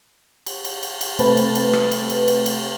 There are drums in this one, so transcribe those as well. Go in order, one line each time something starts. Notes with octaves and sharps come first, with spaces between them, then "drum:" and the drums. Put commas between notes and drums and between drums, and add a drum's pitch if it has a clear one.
drum: cymbal
drum: cymbal
drum: cymbal
drum: cymbal
C3 A3 C4 B4 A5 A6, drum: cymbal
drum: cymbal
drum: cymbal
drum: rim click
drum: cymbal
drum: cymbal
drum: cymbal
drum: cymbal